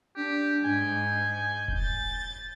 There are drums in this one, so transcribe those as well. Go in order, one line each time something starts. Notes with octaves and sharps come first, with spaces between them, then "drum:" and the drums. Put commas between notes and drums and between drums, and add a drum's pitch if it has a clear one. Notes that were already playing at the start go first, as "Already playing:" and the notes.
D4 G4
G#2 G#5 G6
drum: kick E1
A6